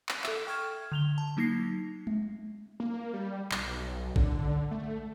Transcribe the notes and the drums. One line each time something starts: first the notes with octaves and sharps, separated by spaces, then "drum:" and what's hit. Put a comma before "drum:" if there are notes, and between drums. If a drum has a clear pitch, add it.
drum: clap
A4 E5, drum: clap
G5 C#6 F6 G#6 E7
D3 F7 G7
A5
F#3 A#3 D#4 A#6 C7
drum: tom G#3
A#3
G3
B1, drum: clap
D3, drum: kick
D3
A3